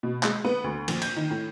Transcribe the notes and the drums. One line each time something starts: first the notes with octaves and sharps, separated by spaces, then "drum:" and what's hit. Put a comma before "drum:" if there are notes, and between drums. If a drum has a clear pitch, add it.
B2
G#3, drum: clap
B3
D2
A#1, drum: cymbal
G6, drum: cymbal
D#3
A2